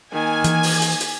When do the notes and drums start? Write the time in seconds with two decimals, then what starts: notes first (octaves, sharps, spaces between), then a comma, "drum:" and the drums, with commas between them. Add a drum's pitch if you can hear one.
0.12 D#3 A#3 G#5
0.44 E3, drum: hi-hat
0.63 drum: open hi-hat
0.82 drum: hi-hat
1.01 drum: hi-hat